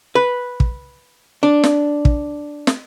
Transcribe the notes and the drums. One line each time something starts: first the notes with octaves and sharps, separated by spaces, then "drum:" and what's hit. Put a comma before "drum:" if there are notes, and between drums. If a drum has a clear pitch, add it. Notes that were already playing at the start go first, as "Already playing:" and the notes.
B4
drum: kick
D4
drum: snare
drum: kick
drum: snare